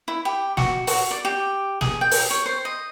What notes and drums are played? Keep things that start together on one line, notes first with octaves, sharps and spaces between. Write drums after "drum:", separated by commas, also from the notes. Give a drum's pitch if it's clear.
E4
G4
F#4, drum: snare
F#4, drum: open hi-hat
D5
G4
G#4, drum: snare
G5
drum: open hi-hat
C#5
C5
D#5